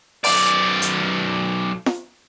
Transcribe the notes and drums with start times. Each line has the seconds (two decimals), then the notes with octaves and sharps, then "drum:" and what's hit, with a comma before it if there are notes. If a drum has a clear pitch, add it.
0.24 B1 D5, drum: open hi-hat
0.82 drum: hi-hat
1.86 drum: snare F4